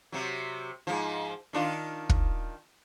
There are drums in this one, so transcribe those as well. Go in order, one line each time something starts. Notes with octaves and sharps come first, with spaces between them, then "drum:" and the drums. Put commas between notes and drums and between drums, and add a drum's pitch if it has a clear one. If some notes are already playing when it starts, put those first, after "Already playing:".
C3 F#3
G#2 F3
D#3 D4 F4
drum: kick